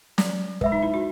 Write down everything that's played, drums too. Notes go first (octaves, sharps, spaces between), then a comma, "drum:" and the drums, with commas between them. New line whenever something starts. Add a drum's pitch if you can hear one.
F#3, drum: snare
G#3 B4 E5 B5, drum: kick
D#4
E4
F#4